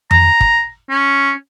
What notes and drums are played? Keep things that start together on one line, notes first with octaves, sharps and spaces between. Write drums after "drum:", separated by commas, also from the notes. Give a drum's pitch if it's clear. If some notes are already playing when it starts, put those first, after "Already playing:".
A#5, drum: tom F2
drum: kick
C#4